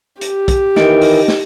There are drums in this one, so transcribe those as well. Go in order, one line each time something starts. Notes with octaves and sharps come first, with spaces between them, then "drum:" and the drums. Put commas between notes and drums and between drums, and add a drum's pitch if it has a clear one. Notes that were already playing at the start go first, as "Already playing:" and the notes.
G4, drum: hi-hat
drum: kick, hi-hat
D#3 E3 D#4 D#5 D7, drum: snare
drum: open hi-hat
drum: snare